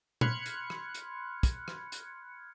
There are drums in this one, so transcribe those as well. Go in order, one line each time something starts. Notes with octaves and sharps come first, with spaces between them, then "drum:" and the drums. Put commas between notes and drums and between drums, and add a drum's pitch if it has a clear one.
B5 C6 F6 F#6 G#6 C#7, drum: tom
drum: hi-hat
drum: rim click
drum: hi-hat
drum: kick, hi-hat
drum: rim click
drum: hi-hat